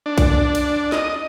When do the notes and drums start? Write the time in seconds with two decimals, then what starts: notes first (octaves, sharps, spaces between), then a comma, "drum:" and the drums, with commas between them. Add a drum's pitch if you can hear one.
0.06 D4
0.18 drum: kick B1, cymbal
0.55 drum: cymbal
0.92 D#5, drum: snare